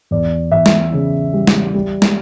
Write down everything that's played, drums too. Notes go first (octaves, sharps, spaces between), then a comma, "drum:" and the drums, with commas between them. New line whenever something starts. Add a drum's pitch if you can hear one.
E2 D5
E2 E5
drum: snare
C#3
G3
drum: snare
G3
drum: snare